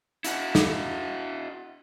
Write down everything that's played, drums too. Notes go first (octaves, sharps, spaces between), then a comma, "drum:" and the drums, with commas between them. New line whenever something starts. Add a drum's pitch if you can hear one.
E4 F#4, drum: hi-hat
drum: snare